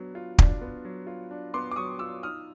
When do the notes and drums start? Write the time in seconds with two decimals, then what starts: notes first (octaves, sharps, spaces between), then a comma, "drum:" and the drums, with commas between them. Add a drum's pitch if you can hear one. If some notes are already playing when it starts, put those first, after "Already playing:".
Already playing: F#3 B3 D4
0.15 F4
0.39 D4, drum: kick
0.61 B3
0.85 F#3
1.07 F4
1.31 D4
1.54 B3 C6 D6
1.71 D6
1.76 F#3 C#6 D#6
1.99 F4 D6 E6
2.23 D#4 D#6 F6